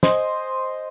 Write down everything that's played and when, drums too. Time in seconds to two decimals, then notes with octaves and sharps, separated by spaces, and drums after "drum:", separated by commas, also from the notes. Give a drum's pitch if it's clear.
0.03 C5 D#5 G#5 C6, drum: snare